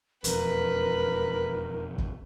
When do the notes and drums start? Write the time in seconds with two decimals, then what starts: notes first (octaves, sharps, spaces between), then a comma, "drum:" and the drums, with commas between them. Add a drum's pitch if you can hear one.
0.24 E1 F2 A#4 B4, drum: hi-hat
1.98 drum: kick